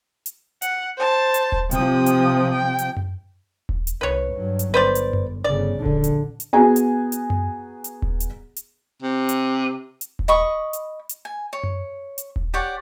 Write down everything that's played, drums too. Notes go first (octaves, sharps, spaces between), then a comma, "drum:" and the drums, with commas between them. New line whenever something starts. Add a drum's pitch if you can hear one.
drum: hi-hat
F#5, drum: hi-hat
C5 A5
drum: hi-hat
drum: kick D#1
C3 F3 G5 D#6, drum: hi-hat
drum: hi-hat
G5
drum: hi-hat
drum: tom F#2
drum: kick D#1
drum: hi-hat
C2 B4 C#5
G2 F#3
drum: hi-hat
G1 B4 C5 D5
drum: hi-hat
drum: tom F#2
G1 C#3 D5
A#1 D3
drum: kick D#1
drum: hi-hat
drum: hi-hat
B3 F#4 G#4 G#5 A#5
drum: hi-hat
drum: hi-hat
drum: tom F#2
drum: hi-hat
drum: kick D#1
drum: hi-hat
drum: hi-hat
C3
drum: hi-hat
drum: hi-hat
drum: kick D#1
D#5 B5 C#6 D#6
drum: hi-hat
drum: hi-hat
G#5
C#5
drum: tom F#2
drum: hi-hat
drum: kick D#1
G4 C#5 D5 F#5